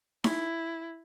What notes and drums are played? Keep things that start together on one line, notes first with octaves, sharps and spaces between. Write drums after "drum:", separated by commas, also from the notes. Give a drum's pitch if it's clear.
E4, drum: snare D#4